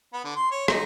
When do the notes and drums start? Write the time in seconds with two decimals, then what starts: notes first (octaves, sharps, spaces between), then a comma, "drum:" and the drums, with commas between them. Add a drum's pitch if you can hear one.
0.13 B3
0.24 D3
0.36 C6
0.52 C#5
0.68 D#4, drum: rim click